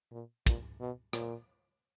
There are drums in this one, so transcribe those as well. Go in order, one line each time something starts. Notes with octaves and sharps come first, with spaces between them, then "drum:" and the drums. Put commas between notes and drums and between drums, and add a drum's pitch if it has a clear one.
A#2
A#2, drum: kick, hi-hat
B2
A#2, drum: rim click